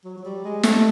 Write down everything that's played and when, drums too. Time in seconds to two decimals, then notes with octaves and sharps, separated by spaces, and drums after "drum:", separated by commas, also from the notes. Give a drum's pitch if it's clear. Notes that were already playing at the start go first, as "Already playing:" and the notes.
0.05 F#3
0.17 F#3
0.25 G3
0.44 G#3
0.63 A3, drum: snare